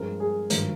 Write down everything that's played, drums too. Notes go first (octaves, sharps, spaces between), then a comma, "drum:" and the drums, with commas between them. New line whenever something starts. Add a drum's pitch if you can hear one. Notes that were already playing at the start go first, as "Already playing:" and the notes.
Already playing: G2 F3 G#3 C4 A#4
G#4
G#1 G2 F3 A#4, drum: hi-hat